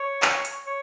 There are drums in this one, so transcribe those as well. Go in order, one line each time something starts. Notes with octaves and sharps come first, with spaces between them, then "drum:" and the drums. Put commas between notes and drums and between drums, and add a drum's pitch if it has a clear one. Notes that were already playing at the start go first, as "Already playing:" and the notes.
Already playing: C#5
drum: clap
drum: hi-hat
C#5